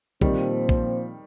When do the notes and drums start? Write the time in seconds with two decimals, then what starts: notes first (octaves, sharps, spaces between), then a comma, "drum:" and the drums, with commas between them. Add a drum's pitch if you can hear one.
0.21 A#2 D#3 F3 G3 C4, drum: kick A#1
0.69 drum: kick A#1